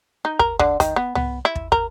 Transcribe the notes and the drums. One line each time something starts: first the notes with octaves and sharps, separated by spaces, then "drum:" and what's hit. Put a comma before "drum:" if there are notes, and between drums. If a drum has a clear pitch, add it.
D#4
A#4, drum: kick
D3, drum: kick
D#3, drum: kick, hi-hat
B3
B3, drum: tom
E4
drum: kick
A#4, drum: kick